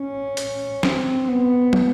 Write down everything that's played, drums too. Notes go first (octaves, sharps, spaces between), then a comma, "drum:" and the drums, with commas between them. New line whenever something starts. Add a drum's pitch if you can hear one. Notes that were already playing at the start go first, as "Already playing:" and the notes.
Already playing: C#4
drum: hi-hat
C4, drum: snare
B3
drum: tom